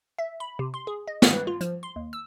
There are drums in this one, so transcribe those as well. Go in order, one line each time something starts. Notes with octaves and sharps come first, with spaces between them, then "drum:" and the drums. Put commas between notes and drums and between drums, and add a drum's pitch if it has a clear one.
E5
B5
C3
C6
G#4
D#5
drum: snare
B4
F4
F3, drum: hi-hat
C6
D#2
E6